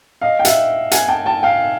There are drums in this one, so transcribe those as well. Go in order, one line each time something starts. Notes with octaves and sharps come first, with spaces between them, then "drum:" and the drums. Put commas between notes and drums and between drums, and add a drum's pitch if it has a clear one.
D#5 F5
G5
E5 F#5, drum: hi-hat
F#5 G#5, drum: hi-hat
G5 A5
G5 A5
F5 G5